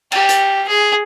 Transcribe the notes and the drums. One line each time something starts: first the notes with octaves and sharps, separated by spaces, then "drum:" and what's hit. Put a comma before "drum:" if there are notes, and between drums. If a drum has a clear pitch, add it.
G4, drum: cymbal
drum: hi-hat
G#4